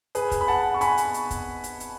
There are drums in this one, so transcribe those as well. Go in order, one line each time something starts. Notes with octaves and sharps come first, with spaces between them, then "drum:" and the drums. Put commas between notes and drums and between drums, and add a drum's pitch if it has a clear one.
G#4 B4, drum: hi-hat
drum: kick, hi-hat
B5
F#5 A5
C#6
G#5 B5, drum: hi-hat
drum: hi-hat
drum: hi-hat
drum: kick, hi-hat
drum: hi-hat
drum: hi-hat